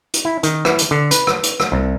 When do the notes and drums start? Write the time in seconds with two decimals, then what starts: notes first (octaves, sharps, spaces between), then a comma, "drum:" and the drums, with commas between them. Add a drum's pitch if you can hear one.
0.14 drum: hi-hat
0.25 E4
0.43 D#3, drum: hi-hat
0.65 E3, drum: rim click
0.79 drum: hi-hat
0.91 D3
1.11 B4, drum: hi-hat
1.27 drum: rim click
1.43 drum: hi-hat
1.60 drum: rim click
1.72 C2